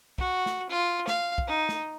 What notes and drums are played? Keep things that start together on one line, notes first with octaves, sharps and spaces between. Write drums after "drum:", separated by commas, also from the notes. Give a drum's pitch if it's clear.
F#4, drum: kick
drum: snare
F4
F5, drum: snare
drum: kick
D#4
drum: snare